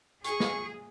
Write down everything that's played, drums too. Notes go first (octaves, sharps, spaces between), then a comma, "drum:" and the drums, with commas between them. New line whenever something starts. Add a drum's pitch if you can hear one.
G#4 C#6, drum: hi-hat
drum: snare